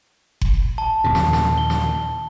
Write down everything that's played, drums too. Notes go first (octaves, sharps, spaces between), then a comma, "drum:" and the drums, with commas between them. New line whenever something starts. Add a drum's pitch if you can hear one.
drum: kick F#1
A5
D#2 A#2 C#3
drum: snare
drum: snare
G7
drum: snare